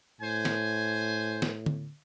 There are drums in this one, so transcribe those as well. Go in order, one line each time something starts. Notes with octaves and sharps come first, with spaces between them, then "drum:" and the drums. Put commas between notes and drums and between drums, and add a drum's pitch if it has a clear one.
A2 C5 G#5
drum: snare
drum: snare
drum: tom D3